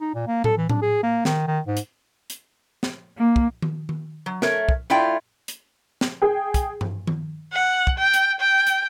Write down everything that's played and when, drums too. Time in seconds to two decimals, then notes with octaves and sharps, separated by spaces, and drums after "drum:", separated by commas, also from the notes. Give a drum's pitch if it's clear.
0.01 D#4
0.14 A#2
0.27 A#3
0.44 A4, drum: tom A2
0.57 E3
0.69 D4, drum: tom A2
0.82 G#4
1.03 A#3
1.25 D#3, drum: snare
1.47 D#3
1.66 G#2
1.77 drum: hi-hat
2.30 drum: hi-hat
2.83 drum: snare
3.18 A#3
3.36 drum: kick
3.62 drum: tom D#3
3.89 drum: tom D#3
4.26 F#3
4.42 A3 A#4 C#5, drum: snare
4.69 drum: kick
4.90 A3 E4 F4 D5 G5
5.48 drum: hi-hat
6.01 drum: snare
6.22 G#4 G5
6.54 drum: kick, hi-hat
6.81 drum: tom G2
7.07 drum: tom D#3
7.53 F#5
7.87 drum: kick
7.98 G5
8.14 drum: hi-hat
8.40 G5
8.67 drum: hi-hat